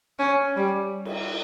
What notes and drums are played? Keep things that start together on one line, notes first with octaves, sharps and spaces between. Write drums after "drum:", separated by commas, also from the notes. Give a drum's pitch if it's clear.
C#4
G3
drum: cymbal